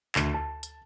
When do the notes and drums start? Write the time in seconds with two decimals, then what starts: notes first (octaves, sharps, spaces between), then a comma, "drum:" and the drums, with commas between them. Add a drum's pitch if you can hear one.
0.16 D2, drum: clap
0.34 A5
0.63 drum: hi-hat